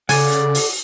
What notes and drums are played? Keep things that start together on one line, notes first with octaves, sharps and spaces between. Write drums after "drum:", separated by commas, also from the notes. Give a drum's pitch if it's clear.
C#3 A4 D5 F#5 G#5, drum: open hi-hat
drum: hi-hat
drum: open hi-hat